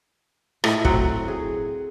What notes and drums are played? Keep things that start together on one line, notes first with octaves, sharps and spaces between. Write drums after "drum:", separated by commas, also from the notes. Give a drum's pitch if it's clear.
A2 D#5, drum: rim click
F#3 C4 F#5, drum: kick
G#4